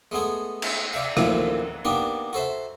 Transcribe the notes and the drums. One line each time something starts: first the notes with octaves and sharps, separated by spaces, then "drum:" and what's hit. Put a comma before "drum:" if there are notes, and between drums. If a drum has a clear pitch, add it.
G#3 A3 B3 G#4
drum: cymbal
D5 E5 F5
A1 D2 A#2 D#3 F3 E5, drum: rim click
A#3 B3 D4 D#4 G4
F#4 A4 C5 E5